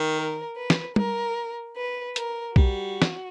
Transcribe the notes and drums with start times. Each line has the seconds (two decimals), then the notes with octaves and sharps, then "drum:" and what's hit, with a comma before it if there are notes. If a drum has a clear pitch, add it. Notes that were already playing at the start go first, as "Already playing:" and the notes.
Already playing: D#3
0.16 A#4
0.57 B4
0.70 drum: snare
0.96 A#4, drum: tom
1.76 B4
2.16 A#4, drum: hi-hat
2.56 G3 F#4, drum: kick B1
3.02 drum: snare